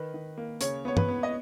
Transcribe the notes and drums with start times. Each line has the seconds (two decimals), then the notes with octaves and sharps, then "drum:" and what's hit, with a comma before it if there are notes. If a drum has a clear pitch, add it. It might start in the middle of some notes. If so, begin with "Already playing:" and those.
Already playing: D#3 B4
0.14 D#3
0.38 A#3
0.61 C#3 C#5, drum: hi-hat
0.85 B3 C#5
0.97 B4, drum: tom
1.09 B3
1.23 D#5